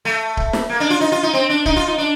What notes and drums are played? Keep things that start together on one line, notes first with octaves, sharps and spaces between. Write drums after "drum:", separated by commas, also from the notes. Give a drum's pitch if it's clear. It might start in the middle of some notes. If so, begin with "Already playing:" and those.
A3
drum: kick D1
drum: snare
A#3
D4
F4
D#4
F4
D#4
C4
D4
D#4, drum: kick D1
F4
D#4
D4